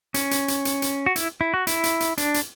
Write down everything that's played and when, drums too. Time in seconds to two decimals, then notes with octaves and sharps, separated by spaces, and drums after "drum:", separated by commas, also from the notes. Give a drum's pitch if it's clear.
0.14 C#4, drum: hi-hat
0.31 drum: hi-hat
0.48 drum: hi-hat
0.65 drum: hi-hat
0.82 drum: hi-hat
1.06 F#4
1.16 E4, drum: hi-hat
1.41 E4
1.54 F#4
1.67 E4, drum: hi-hat
1.84 drum: hi-hat
2.00 drum: hi-hat
2.18 D4, drum: hi-hat
2.34 drum: hi-hat